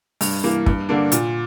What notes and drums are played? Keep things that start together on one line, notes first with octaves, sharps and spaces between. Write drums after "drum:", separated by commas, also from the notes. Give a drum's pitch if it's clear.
G2, drum: open hi-hat
E3 A#3
G2, drum: kick
D3 A#3 D4
A#2, drum: hi-hat